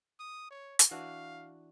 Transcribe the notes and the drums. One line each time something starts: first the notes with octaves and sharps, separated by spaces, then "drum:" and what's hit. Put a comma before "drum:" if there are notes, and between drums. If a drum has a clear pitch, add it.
D#6
C#5
drum: hi-hat
E3 D4 F#4 F5